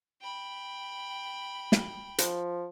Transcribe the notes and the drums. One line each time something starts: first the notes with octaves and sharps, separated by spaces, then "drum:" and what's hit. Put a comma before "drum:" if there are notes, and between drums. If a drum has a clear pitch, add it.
G5 B5
drum: snare
F3, drum: hi-hat